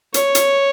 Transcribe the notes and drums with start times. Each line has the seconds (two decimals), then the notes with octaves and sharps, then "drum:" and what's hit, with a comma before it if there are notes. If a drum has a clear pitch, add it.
0.14 C#5, drum: hi-hat
0.35 drum: hi-hat